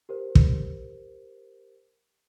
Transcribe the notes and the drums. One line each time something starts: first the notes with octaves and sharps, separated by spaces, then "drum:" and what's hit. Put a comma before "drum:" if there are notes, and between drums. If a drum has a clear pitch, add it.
G4 A#4 C5
drum: kick